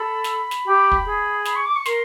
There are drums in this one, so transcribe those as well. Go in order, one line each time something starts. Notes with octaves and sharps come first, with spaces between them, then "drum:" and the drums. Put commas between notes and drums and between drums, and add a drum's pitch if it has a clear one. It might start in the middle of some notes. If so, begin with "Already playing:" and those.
Already playing: A4 B5
drum: snare
drum: snare
G4
drum: kick
G#4
B5, drum: snare
C#6
D6
C#6
A#4 C6, drum: snare